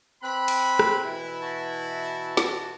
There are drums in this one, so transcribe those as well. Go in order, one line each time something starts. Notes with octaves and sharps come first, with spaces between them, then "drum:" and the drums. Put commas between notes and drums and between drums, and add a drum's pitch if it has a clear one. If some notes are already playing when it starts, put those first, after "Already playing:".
C4 B5 F#6
drum: cymbal
drum: rim click
B2 E3 E4
F#4 A5
drum: snare